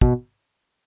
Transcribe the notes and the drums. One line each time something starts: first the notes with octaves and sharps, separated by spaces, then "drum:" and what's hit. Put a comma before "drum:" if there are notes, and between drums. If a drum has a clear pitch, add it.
B2, drum: kick